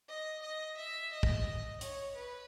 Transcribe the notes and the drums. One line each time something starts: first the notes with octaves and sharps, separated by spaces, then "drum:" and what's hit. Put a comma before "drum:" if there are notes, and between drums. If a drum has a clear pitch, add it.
D#5
D#5
E5
D#5
drum: kick
C#5, drum: hi-hat
B4